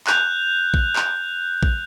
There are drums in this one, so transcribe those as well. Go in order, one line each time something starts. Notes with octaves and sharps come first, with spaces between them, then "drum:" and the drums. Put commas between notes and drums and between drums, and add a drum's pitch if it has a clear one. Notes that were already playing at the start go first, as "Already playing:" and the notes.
F#6 G6 F7, drum: clap
drum: kick A#1
drum: clap
drum: kick A#1